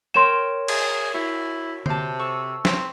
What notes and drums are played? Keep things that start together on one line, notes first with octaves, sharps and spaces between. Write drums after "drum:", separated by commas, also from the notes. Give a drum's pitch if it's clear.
A#4 C#5 G5 C6 E7
G#4, drum: cymbal
E4 F#4
C3 C5 A5, drum: tom D3
A4 C#6 E6
C4, drum: snare